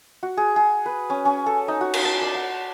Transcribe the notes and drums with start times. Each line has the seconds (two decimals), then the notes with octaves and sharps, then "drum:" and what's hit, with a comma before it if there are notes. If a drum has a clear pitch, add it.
0.23 F#4
0.37 G#4
0.56 G#4
0.86 B4
1.10 C#4
1.25 C#4
1.46 A4
1.68 D#4
1.81 F#4
1.94 drum: cymbal
2.05 A5
2.22 D5
2.35 F#5